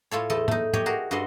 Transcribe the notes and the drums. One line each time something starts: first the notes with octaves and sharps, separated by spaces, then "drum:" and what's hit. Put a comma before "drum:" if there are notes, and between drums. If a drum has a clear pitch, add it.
A2 F4 A4 C#5
E2 A3 A4 D#5
A3 D#4, drum: tom
G4 C#5 D#5, drum: tom
F#4 G#4 A#4
G2 F#4 A4 D#5 F#5 C6